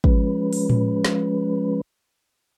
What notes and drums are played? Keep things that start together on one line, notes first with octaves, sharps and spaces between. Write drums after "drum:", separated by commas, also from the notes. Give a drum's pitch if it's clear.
F3 G#3 C#4 B4, drum: kick
drum: open hi-hat
drum: tom A2
drum: snare